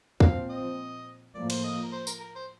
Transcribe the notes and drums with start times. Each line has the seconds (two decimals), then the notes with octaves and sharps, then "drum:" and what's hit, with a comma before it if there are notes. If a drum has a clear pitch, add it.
0.20 A#2 F3 C4 F5, drum: kick
0.49 D#5
1.35 A2 F3 A#3 D5
1.50 C5, drum: cymbal
1.64 D#5
1.83 A#4
1.92 C5
2.07 A#4, drum: tambourine
2.20 A#4
2.35 C5